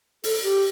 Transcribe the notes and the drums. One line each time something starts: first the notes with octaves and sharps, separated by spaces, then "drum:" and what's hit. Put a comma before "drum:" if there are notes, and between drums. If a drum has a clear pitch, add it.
A4, drum: open hi-hat
G4